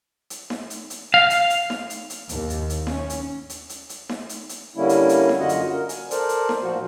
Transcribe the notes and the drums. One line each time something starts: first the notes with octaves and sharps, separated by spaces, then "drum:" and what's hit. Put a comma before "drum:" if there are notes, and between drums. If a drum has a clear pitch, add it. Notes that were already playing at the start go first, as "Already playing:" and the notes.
drum: hi-hat
drum: snare D#4
drum: hi-hat
drum: hi-hat
F5
drum: hi-hat
drum: hi-hat
drum: snare D#4
drum: hi-hat
drum: hi-hat
D#2, drum: hi-hat
drum: hi-hat
drum: hi-hat
C#4, drum: snare D#4
drum: hi-hat
drum: hi-hat
drum: hi-hat
drum: hi-hat
drum: snare D#4
drum: hi-hat
drum: hi-hat
D3 G3 A#3 C#4 E4
drum: hi-hat
drum: hi-hat
drum: snare D#4
F#2 D3 F4 F#4 D#5 F#5
drum: hi-hat
A#4
G#5, drum: hi-hat
A4 A#4 C5 D5, drum: hi-hat
drum: hi-hat
drum: snare D#4
A#2 F3 F4 F#4